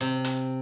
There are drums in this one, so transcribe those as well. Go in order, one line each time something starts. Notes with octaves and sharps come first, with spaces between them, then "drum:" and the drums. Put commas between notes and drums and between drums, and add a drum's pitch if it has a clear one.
C3
drum: hi-hat